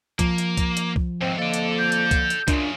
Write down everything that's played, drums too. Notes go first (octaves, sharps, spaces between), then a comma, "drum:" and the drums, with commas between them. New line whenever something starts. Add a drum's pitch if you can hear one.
F3 A#3, drum: kick C2, hi-hat
drum: hi-hat
drum: kick C2, hi-hat
drum: hi-hat
drum: kick C2
D#2 G#2 C4
F2 A#3 A4 D5 D#5
drum: hi-hat
G6
drum: hi-hat
drum: kick C2, hi-hat
drum: hi-hat
F#2 C#3 A#3 D4 F4, drum: kick C2, hi-hat